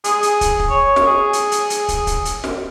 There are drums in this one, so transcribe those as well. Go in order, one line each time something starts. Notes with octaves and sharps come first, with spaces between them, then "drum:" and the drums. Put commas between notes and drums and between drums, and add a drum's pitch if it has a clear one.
G#4, drum: hi-hat
drum: hi-hat
drum: kick, hi-hat
drum: kick
C#5
drum: snare
G#4
drum: hi-hat
drum: hi-hat
drum: hi-hat
drum: kick, hi-hat
drum: kick, hi-hat
drum: hi-hat
drum: snare